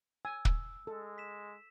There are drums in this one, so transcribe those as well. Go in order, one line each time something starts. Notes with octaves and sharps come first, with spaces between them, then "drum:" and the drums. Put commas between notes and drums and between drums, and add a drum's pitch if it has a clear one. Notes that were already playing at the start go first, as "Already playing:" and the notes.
G#5 E6
drum: kick
G#3 A4
B6 E7